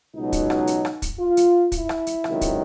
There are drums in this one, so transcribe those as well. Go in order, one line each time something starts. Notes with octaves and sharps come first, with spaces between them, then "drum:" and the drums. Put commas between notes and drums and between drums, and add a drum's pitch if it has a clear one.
C#2 B2 F#3 D#4
drum: kick, hi-hat
drum: rim click
drum: hi-hat
drum: rim click
drum: kick, hi-hat
F4
drum: hi-hat
E4, drum: kick, hi-hat
drum: rim click
drum: hi-hat
C#2 C3 D#3 F#3, drum: rim click
drum: kick, hi-hat